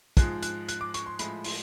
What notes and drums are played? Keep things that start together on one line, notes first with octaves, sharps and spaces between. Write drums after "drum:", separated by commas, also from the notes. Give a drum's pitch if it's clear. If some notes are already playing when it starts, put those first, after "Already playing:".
G#2 F3 G#3 F#6, drum: kick, hi-hat
F#6, drum: hi-hat
F#6, drum: hi-hat
D6
C#6, drum: hi-hat
C6
A2 F3 G#3 B5, drum: hi-hat
C6, drum: open hi-hat